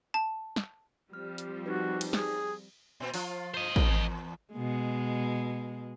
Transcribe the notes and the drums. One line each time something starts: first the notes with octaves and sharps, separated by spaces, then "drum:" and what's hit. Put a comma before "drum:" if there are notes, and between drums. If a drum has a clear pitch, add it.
A5
drum: snare
F3 G3 C4 F6
drum: hi-hat
D#4 F#4 G4 B4
drum: cymbal
G#4, drum: snare
A#2 C4
F3 F4, drum: open hi-hat
C5 D#5
E2 A#4, drum: kick
B2 G#3